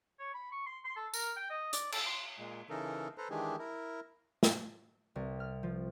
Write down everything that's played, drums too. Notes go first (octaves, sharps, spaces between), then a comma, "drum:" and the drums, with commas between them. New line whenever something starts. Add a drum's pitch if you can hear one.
C#5
B5
C#6
C6
C6
A4
A#4, drum: tambourine
G5
D#5
D5, drum: hi-hat
A4, drum: cymbal
C6
A#2 G#3
C#3 E3 D#4 A4 A#4
A4 B4 C5 A#5
D#3 E3 G#3 D4 G4 G#4
E4 A#4
drum: snare
C2
F6
F3